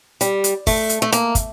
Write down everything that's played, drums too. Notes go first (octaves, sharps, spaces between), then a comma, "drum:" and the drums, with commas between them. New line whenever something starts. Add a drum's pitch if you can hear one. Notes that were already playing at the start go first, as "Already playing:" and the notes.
G3, drum: hi-hat
drum: hi-hat
A3, drum: kick, open hi-hat
drum: hi-hat
A3
A#3, drum: hi-hat
drum: kick, hi-hat